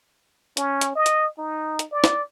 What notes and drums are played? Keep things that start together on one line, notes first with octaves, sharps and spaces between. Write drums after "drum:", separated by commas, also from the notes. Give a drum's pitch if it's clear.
C#4, drum: hi-hat
drum: hi-hat
D#5
drum: hi-hat
D#4
drum: hi-hat
D5
drum: snare